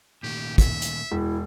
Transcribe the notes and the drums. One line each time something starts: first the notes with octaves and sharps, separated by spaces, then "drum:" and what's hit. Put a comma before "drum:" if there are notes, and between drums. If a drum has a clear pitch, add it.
A#2 D#3 A3 G4
E5, drum: kick, hi-hat
drum: hi-hat
E1 E4